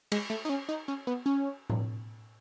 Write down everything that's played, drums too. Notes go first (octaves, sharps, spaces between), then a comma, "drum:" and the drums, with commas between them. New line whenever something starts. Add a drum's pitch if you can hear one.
G#3, drum: cymbal
A3
D#4
C#4
D#4
C#4
B3
C#4
drum: tom A2